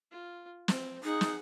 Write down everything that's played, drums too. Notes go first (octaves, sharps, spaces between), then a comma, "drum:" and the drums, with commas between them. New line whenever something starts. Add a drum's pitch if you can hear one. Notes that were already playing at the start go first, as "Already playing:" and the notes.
F4
C4, drum: snare
D#4 G#4 F#5
drum: snare